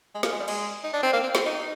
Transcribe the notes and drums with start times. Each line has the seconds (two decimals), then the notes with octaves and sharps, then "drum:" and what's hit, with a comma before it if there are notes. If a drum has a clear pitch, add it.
0.15 G#3
0.23 A#3, drum: snare
0.32 G#3
0.40 G3
0.48 G#3, drum: cymbal
0.84 D#4
0.93 D4
1.03 C4
1.13 A#3
1.23 C4
1.35 C4, drum: snare
1.45 D#4